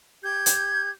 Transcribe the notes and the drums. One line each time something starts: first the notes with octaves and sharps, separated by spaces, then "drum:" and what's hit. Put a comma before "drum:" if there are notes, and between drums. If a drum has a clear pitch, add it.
G4 G6 G#6
drum: hi-hat